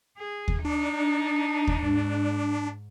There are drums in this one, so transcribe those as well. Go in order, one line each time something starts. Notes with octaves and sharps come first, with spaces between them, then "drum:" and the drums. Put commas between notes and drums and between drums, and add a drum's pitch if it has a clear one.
G#4
drum: kick D#2
D4 D#4
drum: kick D#2
G#2